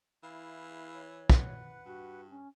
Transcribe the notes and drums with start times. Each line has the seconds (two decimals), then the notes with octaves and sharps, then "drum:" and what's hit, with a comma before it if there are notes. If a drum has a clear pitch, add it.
0.23 E3 E4 F5
0.94 C#5
1.30 B4 F#5, drum: kick
1.86 G2 F#4
2.29 C#4